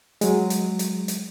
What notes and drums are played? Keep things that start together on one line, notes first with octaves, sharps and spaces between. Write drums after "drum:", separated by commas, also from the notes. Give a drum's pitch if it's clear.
F#3 G#3, drum: hi-hat
drum: hi-hat
drum: hi-hat
drum: hi-hat